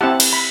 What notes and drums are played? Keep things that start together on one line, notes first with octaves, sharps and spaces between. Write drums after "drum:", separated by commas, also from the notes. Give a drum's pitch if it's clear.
C4 E4 G4 F#5 A5
drum: cymbal
B5